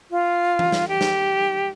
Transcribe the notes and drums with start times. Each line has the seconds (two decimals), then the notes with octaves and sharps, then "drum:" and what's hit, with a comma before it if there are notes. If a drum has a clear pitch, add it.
0.11 F4
0.59 drum: tom E3
0.72 drum: snare
0.88 G4
1.01 drum: snare